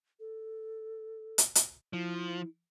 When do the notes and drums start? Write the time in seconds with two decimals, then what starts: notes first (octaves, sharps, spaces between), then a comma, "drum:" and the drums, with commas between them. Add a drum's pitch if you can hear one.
0.20 A4
1.38 drum: hi-hat
1.55 drum: hi-hat
1.93 F3 E4